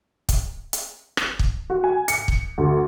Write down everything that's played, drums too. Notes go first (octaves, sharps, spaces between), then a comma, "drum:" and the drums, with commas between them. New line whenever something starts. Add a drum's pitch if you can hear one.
drum: kick, hi-hat
drum: hi-hat
drum: rim click
drum: kick
F#4
G#5
C#7, drum: hi-hat
drum: kick
D2